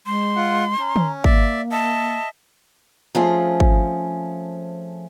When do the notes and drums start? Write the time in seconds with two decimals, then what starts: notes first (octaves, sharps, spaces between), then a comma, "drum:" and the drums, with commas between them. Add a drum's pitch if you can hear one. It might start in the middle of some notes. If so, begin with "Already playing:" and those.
0.06 G#3 C6
0.36 F4 F#5
0.79 C#4 A#5
0.96 C#4, drum: tom
1.24 A#3 D5 E5, drum: kick G#1
1.71 D#5 E5 A5
3.15 F3 A3 C4 C#4 G#4 F5
3.60 drum: kick G#1